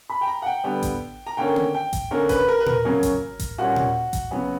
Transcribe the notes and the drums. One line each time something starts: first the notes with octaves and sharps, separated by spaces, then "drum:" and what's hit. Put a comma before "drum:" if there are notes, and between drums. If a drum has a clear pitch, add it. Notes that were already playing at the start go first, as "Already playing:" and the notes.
B5
G5
A#5
F#5
G5
D3 G3 B3
drum: kick A1, hi-hat
A#5
D3 A#3 C#4 G5
drum: tom A#3
G5
drum: kick A1, hi-hat
D3 A#3 C#4 A#4
B4, drum: kick A1, hi-hat
A#4
B4
A#4, drum: tom A#2
C#3 F#3 A#3 C#4
drum: kick A1, hi-hat
drum: kick A1, hi-hat
A#2 G3 C#4 F#4
drum: tom A#2
drum: kick A1, hi-hat
C#3 F#3 B3